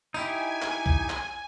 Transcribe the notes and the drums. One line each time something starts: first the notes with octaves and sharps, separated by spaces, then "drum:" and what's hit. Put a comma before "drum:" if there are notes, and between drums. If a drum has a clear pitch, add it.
D#4 E4 G4 G#5, drum: tambourine
drum: clap
drum: kick
drum: clap